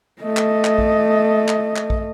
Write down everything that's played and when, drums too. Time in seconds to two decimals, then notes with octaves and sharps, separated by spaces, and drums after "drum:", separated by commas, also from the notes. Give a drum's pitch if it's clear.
0.23 A3 D#5
0.37 drum: clap
0.65 drum: clap
0.78 drum: kick
1.48 drum: clap
1.76 drum: clap
1.90 drum: kick